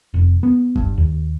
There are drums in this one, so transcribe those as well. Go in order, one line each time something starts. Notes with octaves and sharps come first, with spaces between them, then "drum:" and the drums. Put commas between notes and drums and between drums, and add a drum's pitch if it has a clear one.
F1
B3
G2, drum: kick F#1
D#2